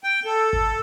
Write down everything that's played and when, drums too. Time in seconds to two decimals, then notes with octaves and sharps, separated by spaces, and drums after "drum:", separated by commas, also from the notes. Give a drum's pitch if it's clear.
0.04 G5
0.25 A4
0.53 drum: kick G#1